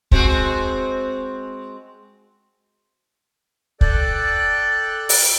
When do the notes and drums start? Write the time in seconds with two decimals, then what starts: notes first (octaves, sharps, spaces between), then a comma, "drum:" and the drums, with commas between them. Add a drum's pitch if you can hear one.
0.11 G#3 C4 F#4, drum: kick
3.81 A4 D5 G5 F#6, drum: kick
5.09 drum: open hi-hat